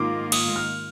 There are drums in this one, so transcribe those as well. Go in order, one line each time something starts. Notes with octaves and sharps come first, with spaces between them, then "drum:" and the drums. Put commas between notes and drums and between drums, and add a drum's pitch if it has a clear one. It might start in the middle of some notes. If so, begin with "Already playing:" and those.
Already playing: G#2 D#3 A#3 F4 D6
D#6, drum: cymbal
F6